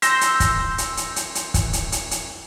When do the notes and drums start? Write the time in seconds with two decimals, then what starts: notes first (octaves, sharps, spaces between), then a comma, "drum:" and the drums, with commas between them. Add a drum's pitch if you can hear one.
0.02 C6 E6 G6 A#6, drum: hi-hat
0.21 drum: hi-hat
0.40 drum: kick, hi-hat
0.78 drum: hi-hat
0.97 drum: hi-hat
1.16 drum: hi-hat
1.35 drum: hi-hat
1.54 drum: kick, hi-hat
1.73 drum: hi-hat
1.92 drum: hi-hat
2.11 drum: hi-hat